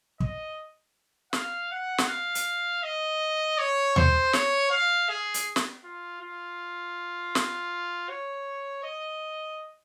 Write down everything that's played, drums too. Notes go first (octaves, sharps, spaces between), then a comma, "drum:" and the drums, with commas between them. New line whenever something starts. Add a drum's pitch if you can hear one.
D#5, drum: kick
F5, drum: snare
F#5
drum: snare
F5
drum: hi-hat
D#5
C#5
C5, drum: tom D#2
C#5, drum: snare
F5
G#4
drum: hi-hat
drum: snare
F4
F4
drum: snare
C#5
D#5